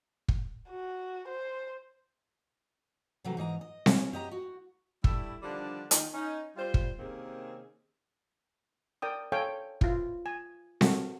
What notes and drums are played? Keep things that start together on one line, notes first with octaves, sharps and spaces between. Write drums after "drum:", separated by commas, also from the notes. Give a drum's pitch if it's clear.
drum: kick
F#4
C5
C3 E3 F#3 A3
G#2 E3 D#5 A#5
D#5
C#4 E4, drum: snare C4
F#2 G4 D#5 A#5
F#4
G3 A3 D4 E4, drum: kick
D3 D#3 F3 G3 D4
D#3, drum: hi-hat
C#4 D#4
G3 F4 C5
drum: kick
C3 D#3 A#3 C4 C#4 G#4
A#4 D5 G5 D#6
A4 C#5 F5 G5 G#5
E4 F4, drum: kick
G#5
F#4 A4 A#4, drum: snare C4